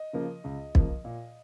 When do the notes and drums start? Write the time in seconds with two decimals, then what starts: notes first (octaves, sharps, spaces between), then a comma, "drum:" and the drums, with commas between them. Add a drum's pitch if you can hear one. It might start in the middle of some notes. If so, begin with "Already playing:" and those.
Already playing: D#5
0.13 C#3 F3 A#3
0.44 C#2
0.75 C#3 F3 A#3, drum: kick
1.04 A#2